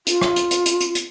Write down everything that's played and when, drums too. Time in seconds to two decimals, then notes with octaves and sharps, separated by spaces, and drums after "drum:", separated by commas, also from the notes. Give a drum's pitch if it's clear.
0.07 F4, drum: hi-hat
0.22 drum: rim click
0.36 drum: hi-hat
0.51 drum: hi-hat
0.66 drum: hi-hat
0.80 drum: hi-hat
0.95 drum: hi-hat